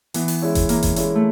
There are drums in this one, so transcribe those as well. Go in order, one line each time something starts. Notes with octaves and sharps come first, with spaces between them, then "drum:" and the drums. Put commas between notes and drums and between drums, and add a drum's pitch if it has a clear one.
E3 B3, drum: hi-hat
drum: open hi-hat
G#3 C#4 E4
drum: kick F#1, hi-hat
E3 A#3, drum: hi-hat
drum: kick F#1, hi-hat
G#3 C#4 E4, drum: hi-hat
A3